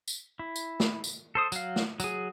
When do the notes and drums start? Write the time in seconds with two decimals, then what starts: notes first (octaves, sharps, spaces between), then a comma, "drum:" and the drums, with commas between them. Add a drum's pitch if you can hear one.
0.08 drum: tambourine
0.39 E4
0.56 drum: tambourine
0.80 drum: snare
1.04 drum: tambourine
1.35 A4 C5 D#6
1.52 F#3 F5, drum: tambourine
1.76 drum: snare
2.00 F#3 G#4, drum: tambourine